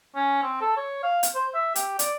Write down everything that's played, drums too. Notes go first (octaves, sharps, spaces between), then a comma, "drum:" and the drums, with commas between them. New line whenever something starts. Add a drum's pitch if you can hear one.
C#4
C4
A4
C#5
F5
drum: hi-hat
C5
E5
G4, drum: hi-hat
D5, drum: hi-hat